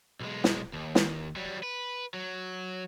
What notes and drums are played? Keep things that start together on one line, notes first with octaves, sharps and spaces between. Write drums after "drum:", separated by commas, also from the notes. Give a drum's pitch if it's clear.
B1 G#3
drum: snare
D#2
drum: snare
F#3 G3
B4
F#3